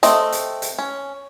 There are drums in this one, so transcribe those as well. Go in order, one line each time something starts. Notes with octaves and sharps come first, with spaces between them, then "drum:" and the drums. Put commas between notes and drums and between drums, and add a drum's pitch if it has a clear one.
A3 C4 D#5, drum: hi-hat
drum: hi-hat
drum: hi-hat
C#4